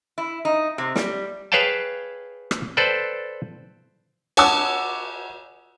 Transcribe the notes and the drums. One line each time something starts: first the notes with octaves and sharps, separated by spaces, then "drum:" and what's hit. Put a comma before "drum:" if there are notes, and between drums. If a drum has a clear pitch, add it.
E4
D#4
C3
G3, drum: snare
G#4 B4 C#5 F5 G5 A5
drum: rim click
A4 B4 C5 D5 G5
C#5 F#5 G#5 A5 D6 E6, drum: cymbal